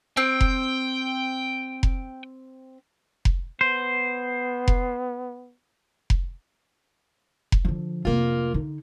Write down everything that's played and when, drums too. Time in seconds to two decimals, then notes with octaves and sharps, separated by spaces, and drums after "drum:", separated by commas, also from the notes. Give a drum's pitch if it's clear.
0.17 C4 G5
0.41 drum: kick F1
1.83 drum: kick F1
3.25 drum: kick F1
3.61 B3 C5
4.68 drum: kick F1
6.10 drum: kick F1
7.52 drum: kick F1
7.65 D3 F3
8.05 F1 A#3 C4 F4
8.54 D3 D#4